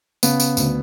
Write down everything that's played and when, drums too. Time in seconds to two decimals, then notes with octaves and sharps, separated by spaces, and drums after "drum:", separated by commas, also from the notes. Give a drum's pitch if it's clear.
0.23 C#3 B3, drum: tambourine
0.40 drum: tambourine
0.57 D2, drum: tambourine